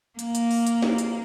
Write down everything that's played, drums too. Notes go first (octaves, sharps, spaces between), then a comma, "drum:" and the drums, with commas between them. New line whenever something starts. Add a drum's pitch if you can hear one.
A#3, drum: hi-hat
drum: hi-hat
drum: open hi-hat
drum: hi-hat
drum: snare
drum: hi-hat